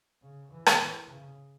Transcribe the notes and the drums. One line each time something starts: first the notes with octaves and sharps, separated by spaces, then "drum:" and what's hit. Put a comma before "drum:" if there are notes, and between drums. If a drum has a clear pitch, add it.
C#3
E3
drum: rim click
E3
C#3